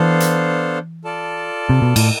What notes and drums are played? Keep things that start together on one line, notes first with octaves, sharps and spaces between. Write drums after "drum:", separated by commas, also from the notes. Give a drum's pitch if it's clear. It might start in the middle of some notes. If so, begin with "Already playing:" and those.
Already playing: E3 B3 D4 A4 C5 F5
drum: hi-hat
F4 A4 D5 A5
C3
B2
A2, drum: cymbal